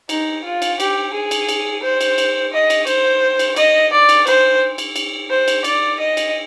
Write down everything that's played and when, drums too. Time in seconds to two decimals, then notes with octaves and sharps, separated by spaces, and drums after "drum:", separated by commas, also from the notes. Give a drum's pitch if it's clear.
0.09 D#4, drum: cymbal
0.44 F4
0.62 drum: cymbal
0.80 G4, drum: cymbal
1.13 G#4
1.31 drum: cymbal
1.49 drum: cymbal
1.83 C5
2.01 drum: cymbal
2.18 drum: cymbal
2.53 D#5
2.70 drum: cymbal
2.87 C5, drum: cymbal
3.39 drum: cymbal
3.56 D#5, drum: cymbal
3.92 D5
4.09 drum: cymbal
4.27 C5, drum: cymbal
4.78 drum: cymbal
4.96 drum: cymbal
5.30 C5
5.48 drum: cymbal
5.64 D5, drum: cymbal
6.00 D#5
6.17 drum: cymbal